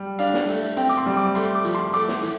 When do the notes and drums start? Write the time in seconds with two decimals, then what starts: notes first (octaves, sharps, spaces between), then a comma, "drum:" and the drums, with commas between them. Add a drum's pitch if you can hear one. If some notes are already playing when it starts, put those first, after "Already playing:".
Already playing: G3
0.19 D4 F5, drum: hi-hat
0.34 drum: snare
0.49 A3, drum: hi-hat
0.63 drum: hi-hat
0.77 C4 G5, drum: hi-hat
0.89 D6, drum: hi-hat
0.97 C6
1.06 G3
1.17 D6
1.35 A3 C6, drum: hi-hat
1.55 D6
1.65 F3, drum: hi-hat
1.75 C6
1.94 A3 D6, drum: hi-hat
2.08 drum: snare
2.23 E3, drum: hi-hat